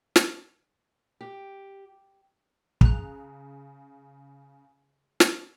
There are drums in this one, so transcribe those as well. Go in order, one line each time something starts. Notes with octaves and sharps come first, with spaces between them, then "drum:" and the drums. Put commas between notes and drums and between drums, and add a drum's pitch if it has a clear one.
drum: snare
G4
C#3 G#4 A#5 F#6, drum: kick
drum: snare